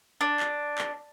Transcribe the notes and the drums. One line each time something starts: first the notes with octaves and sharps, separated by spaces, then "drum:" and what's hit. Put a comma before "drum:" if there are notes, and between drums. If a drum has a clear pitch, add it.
D4
drum: clap
drum: clap